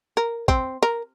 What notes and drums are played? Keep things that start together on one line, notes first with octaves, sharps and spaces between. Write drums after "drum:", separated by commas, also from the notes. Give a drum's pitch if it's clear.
A#4
C4, drum: kick
A#4